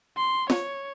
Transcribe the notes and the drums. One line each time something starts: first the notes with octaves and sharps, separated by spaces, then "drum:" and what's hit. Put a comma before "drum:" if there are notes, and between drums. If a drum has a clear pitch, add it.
C6
C#5, drum: snare